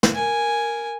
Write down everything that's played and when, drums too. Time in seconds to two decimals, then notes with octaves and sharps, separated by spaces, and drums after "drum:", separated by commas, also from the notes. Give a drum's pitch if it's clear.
0.03 drum: snare
0.13 A#4 G#5